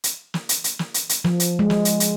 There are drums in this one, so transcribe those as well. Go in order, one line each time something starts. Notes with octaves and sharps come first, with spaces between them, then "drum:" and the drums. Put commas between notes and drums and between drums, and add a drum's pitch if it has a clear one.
drum: hi-hat
drum: snare
drum: hi-hat
drum: hi-hat
drum: snare
drum: hi-hat
drum: hi-hat
F3, drum: snare
drum: hi-hat
G#3
drum: snare
drum: hi-hat
drum: hi-hat